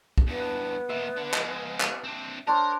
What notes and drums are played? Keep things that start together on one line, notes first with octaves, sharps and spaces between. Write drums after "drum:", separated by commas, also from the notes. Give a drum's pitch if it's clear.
drum: kick
E2 G2 B3
A#2 D#3 E5
D3
F3 G#3, drum: clap
drum: clap
C4 D4
D4 A#4 C5 C#5 A5